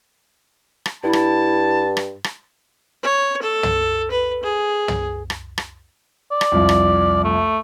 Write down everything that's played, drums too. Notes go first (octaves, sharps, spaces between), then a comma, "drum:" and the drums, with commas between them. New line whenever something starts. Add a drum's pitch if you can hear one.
drum: rim click
G2 E4 A5
drum: rim click
drum: rim click
drum: rim click
C#5
A4
drum: tom
B4
G#4
drum: tom
drum: rim click
drum: rim click
D5
drum: rim click
C2 F2
drum: rim click
A3